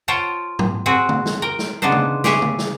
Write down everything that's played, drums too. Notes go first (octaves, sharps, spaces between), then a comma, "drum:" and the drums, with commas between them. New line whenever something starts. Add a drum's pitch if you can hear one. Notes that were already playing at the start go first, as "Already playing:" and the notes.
F4 C5 C#5 G5 A5
drum: tom
C4 F#4 G#4
drum: tom
drum: snare
A#4 G5
drum: snare
C#3 B3 D4 D#4 C5
drum: tom
G4 G#4 C#5 E5, drum: snare
drum: tom
drum: snare